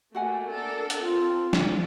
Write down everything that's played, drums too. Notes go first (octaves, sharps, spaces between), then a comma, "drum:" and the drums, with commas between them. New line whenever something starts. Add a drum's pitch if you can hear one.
A3 A#3 F#4 F#5 G#5
D4 A4 A#4
drum: hi-hat
C4 F4
drum: snare